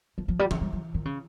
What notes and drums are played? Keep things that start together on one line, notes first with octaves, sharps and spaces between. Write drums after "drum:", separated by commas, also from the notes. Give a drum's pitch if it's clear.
F3
F3
G3
F3, drum: tom E3
G3
F#3
C3
D#3
C#3